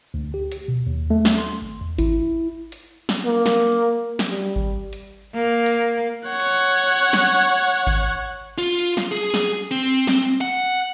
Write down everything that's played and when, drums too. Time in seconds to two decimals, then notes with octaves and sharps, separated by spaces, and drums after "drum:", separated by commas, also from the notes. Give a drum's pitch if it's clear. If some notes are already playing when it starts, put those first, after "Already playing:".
0.14 D2
0.34 G4
0.52 drum: hi-hat
0.68 B2
0.87 D#2
1.10 A3
1.25 drum: snare
1.38 C6
1.62 G#1
1.81 E2
1.98 E4, drum: kick G#1, hi-hat
2.72 drum: hi-hat
3.09 drum: snare
3.25 A#3
3.46 drum: snare
4.19 drum: snare
4.29 G3
4.56 drum: kick G#1
4.93 drum: hi-hat
5.34 A#3
5.66 drum: hi-hat
6.27 C#5 F#5
6.40 drum: hi-hat
7.13 drum: snare
7.87 drum: kick G#1, hi-hat
8.58 F4, drum: hi-hat
8.97 drum: snare
9.12 G#4
9.34 drum: snare
9.71 C4
10.07 drum: snare
10.41 F#5